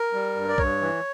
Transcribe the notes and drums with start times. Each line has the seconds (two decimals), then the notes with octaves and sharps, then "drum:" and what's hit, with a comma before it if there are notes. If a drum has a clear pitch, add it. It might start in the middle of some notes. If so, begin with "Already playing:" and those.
Already playing: A#4
0.13 G3
0.35 G2
0.49 D5
0.58 G2 C#5, drum: kick
0.81 E3